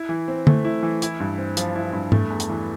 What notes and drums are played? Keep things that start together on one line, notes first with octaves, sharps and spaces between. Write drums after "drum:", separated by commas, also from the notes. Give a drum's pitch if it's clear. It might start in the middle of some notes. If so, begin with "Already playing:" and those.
Already playing: E4
E3
C4
A3, drum: tom D3
E4
E3
E4, drum: hi-hat
G2
C4
F3, drum: hi-hat
E4
G2
A3, drum: tom G#2
E2
drum: hi-hat
E3